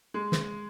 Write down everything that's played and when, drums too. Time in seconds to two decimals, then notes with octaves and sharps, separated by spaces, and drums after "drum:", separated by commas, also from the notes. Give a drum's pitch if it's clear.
0.14 G#3
0.32 drum: snare